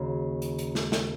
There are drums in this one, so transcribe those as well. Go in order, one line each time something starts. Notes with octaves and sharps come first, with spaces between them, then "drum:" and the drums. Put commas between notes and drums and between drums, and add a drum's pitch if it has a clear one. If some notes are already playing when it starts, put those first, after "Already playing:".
Already playing: D#2 C#3 F#3
drum: hi-hat
drum: hi-hat
drum: snare
drum: snare